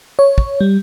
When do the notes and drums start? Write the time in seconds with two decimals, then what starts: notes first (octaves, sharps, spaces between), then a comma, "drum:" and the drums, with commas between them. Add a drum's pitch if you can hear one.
0.19 C#5
0.38 drum: kick
0.61 G3